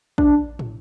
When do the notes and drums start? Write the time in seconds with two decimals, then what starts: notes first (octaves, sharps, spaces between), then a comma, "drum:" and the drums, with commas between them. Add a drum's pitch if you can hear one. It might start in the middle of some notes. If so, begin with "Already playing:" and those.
0.18 D4, drum: kick
0.59 drum: tom